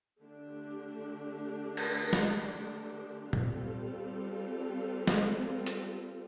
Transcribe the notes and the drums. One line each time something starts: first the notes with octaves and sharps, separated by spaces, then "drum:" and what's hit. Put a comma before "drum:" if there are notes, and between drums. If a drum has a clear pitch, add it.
D3 A3 D4 G4
drum: cymbal
drum: snare
G3 C4 F4 A4, drum: tom A#2
drum: snare
drum: hi-hat